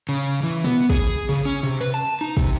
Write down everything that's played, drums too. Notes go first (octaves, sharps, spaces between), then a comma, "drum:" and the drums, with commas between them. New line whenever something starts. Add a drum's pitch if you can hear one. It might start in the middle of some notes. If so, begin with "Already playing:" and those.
C#3
E3
B3, drum: tom A#2
G#4, drum: kick
C#3
C#4
C3
B4
A5
D#4
C3, drum: kick